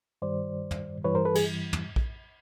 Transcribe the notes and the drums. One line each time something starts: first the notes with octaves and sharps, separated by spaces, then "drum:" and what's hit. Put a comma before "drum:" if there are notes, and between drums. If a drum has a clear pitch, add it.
G2 D#3 G3 C5 D5
drum: tom
G2 E3 G3 B4 C#5
A#4 C5
A4 B4
G#4, drum: cymbal
drum: tom
drum: kick A#1